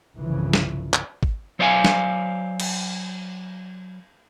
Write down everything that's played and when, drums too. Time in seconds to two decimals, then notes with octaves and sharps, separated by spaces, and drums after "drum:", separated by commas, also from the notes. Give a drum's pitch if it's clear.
0.17 G1 C2 C#3 E3 F3
0.53 drum: snare
0.93 drum: clap
1.23 drum: kick
1.59 F#3 C5 D5 F5 G5 G#5
1.85 drum: snare
2.60 drum: cymbal